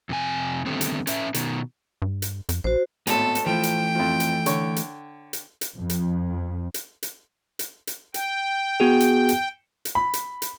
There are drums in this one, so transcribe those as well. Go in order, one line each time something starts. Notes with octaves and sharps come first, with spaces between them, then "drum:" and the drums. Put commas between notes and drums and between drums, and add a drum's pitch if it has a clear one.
F2 C3 G#5
D3 D#3 G3 A3 B3 C4
drum: hi-hat
C#4 B4 E5, drum: hi-hat
B2 D#3, drum: hi-hat
G2
drum: hi-hat
F2, drum: hi-hat
A#1 F#4 C5
G#1 A2 B3 A4, drum: hi-hat
drum: hi-hat
E3 F3 A3 G5
drum: hi-hat
F2 F3
drum: hi-hat
D3 C#5 C#6, drum: hi-hat
drum: hi-hat
drum: hi-hat
drum: hi-hat
F2
drum: hi-hat
drum: hi-hat
drum: hi-hat
drum: hi-hat
drum: hi-hat
G5, drum: hi-hat
B3 F#4 G#4
drum: hi-hat
drum: hi-hat
drum: hi-hat
B5
drum: hi-hat
drum: hi-hat